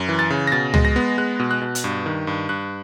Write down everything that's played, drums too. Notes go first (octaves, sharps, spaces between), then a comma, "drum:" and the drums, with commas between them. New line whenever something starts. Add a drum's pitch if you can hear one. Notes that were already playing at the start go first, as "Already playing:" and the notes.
Already playing: F#2
E3
A6
C#3
A#6
B2 A6
G#3, drum: tom C#2
A#6
B3
G#3 F#6
B2
F#6
B2
drum: hi-hat
G2
D#3
G2
G2 F#6